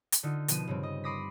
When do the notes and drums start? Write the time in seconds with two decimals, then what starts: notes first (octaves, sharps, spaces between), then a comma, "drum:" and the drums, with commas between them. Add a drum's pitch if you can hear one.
0.12 drum: hi-hat
0.23 D3 D#4 F4
0.48 B2 F3 D#7, drum: hi-hat
0.67 G2 C#3 C4
0.83 D#5
1.04 B5 C6 D6 D#6 A#6 B6